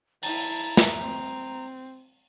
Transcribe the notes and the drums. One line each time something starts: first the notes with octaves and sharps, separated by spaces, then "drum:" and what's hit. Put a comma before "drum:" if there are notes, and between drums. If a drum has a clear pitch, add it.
E4 A5 A#5, drum: open hi-hat
drum: snare
C4